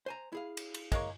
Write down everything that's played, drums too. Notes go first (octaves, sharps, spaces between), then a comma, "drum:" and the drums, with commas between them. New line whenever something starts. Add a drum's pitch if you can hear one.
C5 G#5 A#5
E4 G#4 F5
drum: cymbal
drum: cymbal
G#3 A#3 C#5, drum: kick, cymbal